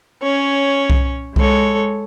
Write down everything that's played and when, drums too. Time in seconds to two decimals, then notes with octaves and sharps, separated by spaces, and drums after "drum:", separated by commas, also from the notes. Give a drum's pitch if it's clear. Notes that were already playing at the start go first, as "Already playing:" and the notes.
0.21 C#4 C#5
0.90 drum: kick C2
1.36 G#3 A4 C#5, drum: kick C2